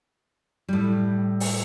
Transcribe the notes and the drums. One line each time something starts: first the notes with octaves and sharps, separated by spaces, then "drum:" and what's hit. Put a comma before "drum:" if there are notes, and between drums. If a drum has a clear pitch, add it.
A2 G3
drum: open hi-hat